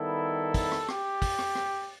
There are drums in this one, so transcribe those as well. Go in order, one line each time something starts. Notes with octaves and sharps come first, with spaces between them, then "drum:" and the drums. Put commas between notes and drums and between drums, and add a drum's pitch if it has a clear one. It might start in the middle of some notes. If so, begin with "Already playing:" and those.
Already playing: D#3 G3 B3 E4 A4
A4, drum: kick, open hi-hat
drum: rim click
G4, drum: rim click
drum: kick, open hi-hat
drum: rim click
drum: rim click